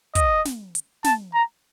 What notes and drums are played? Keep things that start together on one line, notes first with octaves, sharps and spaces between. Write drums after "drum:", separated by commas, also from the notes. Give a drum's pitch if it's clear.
D#5, drum: kick, hi-hat
drum: snare
drum: hi-hat
A5, drum: snare
A#5